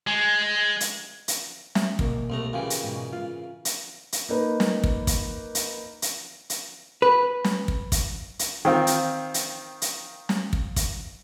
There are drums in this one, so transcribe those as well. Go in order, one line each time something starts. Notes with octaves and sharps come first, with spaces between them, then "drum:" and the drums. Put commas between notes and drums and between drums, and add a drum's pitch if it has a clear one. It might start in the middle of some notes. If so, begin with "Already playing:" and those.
G#3
drum: hi-hat
drum: hi-hat
E5, drum: snare
B2 A#3 A#4, drum: kick
C2 A3 A#5
A#2 C#3 E3 G4
drum: hi-hat
G#2 B2
F4 F5
drum: hi-hat
drum: hi-hat
A#3 D#4 B4
drum: snare
drum: kick
drum: kick, hi-hat
drum: hi-hat
drum: hi-hat
drum: hi-hat
B4
drum: snare
drum: kick
drum: kick, hi-hat
drum: hi-hat
D#3 C4 F4
drum: hi-hat
drum: hi-hat
drum: hi-hat
drum: snare
drum: kick
drum: kick, hi-hat